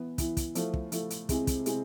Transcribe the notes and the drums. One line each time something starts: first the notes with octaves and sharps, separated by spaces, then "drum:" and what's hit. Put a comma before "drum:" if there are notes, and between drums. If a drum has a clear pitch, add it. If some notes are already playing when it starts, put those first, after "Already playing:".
Already playing: E3 B3 E4
E3 B3 E4, drum: kick, hi-hat
drum: kick, hi-hat
F3 A3 E4, drum: hi-hat
drum: kick
F3 A3 E4, drum: hi-hat
drum: hi-hat
C3 G#3 C4 E4 G#4, drum: kick, hi-hat
drum: kick, hi-hat
C3 G#3 C4 E4 G#4, drum: hi-hat